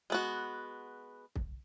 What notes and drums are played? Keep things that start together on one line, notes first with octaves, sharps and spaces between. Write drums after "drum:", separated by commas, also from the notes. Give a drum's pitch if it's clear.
G#3 B3 F#4
drum: kick